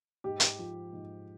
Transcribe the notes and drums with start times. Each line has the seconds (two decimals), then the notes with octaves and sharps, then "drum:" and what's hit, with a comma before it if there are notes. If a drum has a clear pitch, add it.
0.24 G#2 G4
0.40 drum: hi-hat
0.59 F3
0.93 G#2